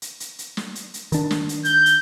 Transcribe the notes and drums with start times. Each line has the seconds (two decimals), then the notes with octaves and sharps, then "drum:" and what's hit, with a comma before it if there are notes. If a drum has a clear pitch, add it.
0.02 drum: hi-hat
0.20 drum: hi-hat
0.39 drum: hi-hat
0.57 drum: snare
0.75 drum: hi-hat
0.94 drum: hi-hat
1.12 D#3 D4, drum: hi-hat
1.31 drum: snare
1.49 drum: hi-hat
1.65 G6, drum: hi-hat
1.86 drum: hi-hat